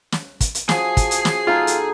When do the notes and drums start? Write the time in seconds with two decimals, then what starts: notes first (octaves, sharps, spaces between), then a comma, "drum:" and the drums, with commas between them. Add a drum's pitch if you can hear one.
0.12 drum: snare
0.41 drum: kick, hi-hat
0.55 drum: hi-hat
0.69 F3 F#4 G#4 G#5 C7, drum: snare
0.97 drum: kick, hi-hat
1.11 drum: hi-hat
1.25 drum: snare
1.47 B2 D#4 F4 A4
1.67 drum: hi-hat